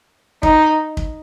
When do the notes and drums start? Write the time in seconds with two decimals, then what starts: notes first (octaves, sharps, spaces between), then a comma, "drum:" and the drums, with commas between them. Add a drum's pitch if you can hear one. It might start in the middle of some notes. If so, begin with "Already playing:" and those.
0.43 D#4, drum: kick
0.97 drum: kick